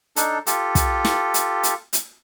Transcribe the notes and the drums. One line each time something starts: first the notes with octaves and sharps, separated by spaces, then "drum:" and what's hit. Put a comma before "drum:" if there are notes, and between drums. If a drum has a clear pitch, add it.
D4 D#4 A4, drum: hi-hat
F4 G4 A4, drum: hi-hat
drum: kick, hi-hat
drum: snare
drum: hi-hat
drum: hi-hat
drum: hi-hat